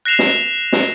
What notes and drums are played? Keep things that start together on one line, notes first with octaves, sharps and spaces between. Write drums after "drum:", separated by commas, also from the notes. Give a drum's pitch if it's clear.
F#6 A#6 C7 E7 F7
drum: snare
drum: snare